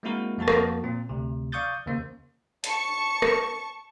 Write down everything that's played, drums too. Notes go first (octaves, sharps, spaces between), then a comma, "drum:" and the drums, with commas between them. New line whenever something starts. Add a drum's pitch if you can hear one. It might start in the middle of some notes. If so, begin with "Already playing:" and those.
G#3 A#3 C4 E4 F#4 A#4
F2 A#3 F#4 A5 A6
drum: rim click
A#2 C4
D2 C3
D5 F5 C#6 D#6 G6 A6
D#2 C#3 A#3 C5
A5 C#6 C#7, drum: hi-hat
drum: rim click